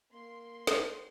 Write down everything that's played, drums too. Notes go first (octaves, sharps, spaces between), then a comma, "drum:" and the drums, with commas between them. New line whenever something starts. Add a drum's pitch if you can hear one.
A#3 C6
drum: snare